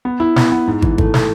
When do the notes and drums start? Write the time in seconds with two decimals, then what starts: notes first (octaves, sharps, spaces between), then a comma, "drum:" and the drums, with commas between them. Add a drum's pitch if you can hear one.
0.05 B3
0.20 E4
0.36 B3, drum: snare
0.52 B3
0.67 G#2
0.82 E3, drum: kick
0.98 A3, drum: kick
1.14 A3, drum: snare